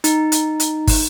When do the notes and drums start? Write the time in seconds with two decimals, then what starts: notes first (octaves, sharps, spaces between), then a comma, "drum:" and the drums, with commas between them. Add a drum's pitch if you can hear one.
0.04 D#4, drum: hi-hat
0.32 drum: hi-hat
0.60 drum: hi-hat
0.87 drum: kick, open hi-hat